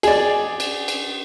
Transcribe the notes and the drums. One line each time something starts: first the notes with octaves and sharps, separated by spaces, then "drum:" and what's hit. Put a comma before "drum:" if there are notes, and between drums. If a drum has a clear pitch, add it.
G#4 D5, drum: cymbal
drum: cymbal
drum: cymbal